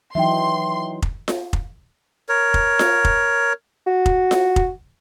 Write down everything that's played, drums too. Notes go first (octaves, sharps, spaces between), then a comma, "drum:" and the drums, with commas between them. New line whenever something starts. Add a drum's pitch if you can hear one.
E3 F#3 D#4 E5 G5 C6
drum: kick F1
drum: snare F4
drum: kick F1
A#4 C#5
drum: kick F1
drum: snare F4
drum: kick F1
F#4
drum: kick F1
drum: snare F4
drum: kick F1